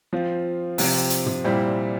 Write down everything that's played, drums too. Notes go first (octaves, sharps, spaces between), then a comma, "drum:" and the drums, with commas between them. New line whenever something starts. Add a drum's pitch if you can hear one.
F3 C4 F4
C3 F3 C4, drum: open hi-hat
drum: hi-hat
drum: tom
A#2 G3 C4 E4